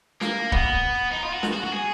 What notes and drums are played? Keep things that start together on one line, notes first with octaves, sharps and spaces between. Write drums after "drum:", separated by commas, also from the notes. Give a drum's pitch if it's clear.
A#3, drum: snare
B3, drum: kick C#1
D#4
F4
F#4
drum: snare
F#4
F#4
G#4